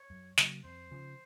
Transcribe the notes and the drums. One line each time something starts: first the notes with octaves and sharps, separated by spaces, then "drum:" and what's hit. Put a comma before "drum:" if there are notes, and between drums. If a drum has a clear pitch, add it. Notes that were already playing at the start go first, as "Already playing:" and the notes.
Already playing: C#5
F#2
C#3 F#3 A#3, drum: snare
F2 C5
C#3 F3